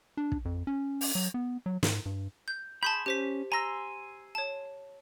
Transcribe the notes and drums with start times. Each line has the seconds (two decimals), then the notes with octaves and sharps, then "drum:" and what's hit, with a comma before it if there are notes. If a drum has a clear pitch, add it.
0.17 D4
0.32 drum: kick
0.45 F2
0.67 C#4
1.01 drum: open hi-hat
1.15 F#3
1.34 B3
1.66 F#3
1.83 G#2, drum: snare
2.06 G2
2.48 G6
2.83 G#4 A5 B5 C6 G6
3.06 C#4 G4 C5 B6
3.52 G#5 A#5 C6 E6 A#6
4.35 C#5 A5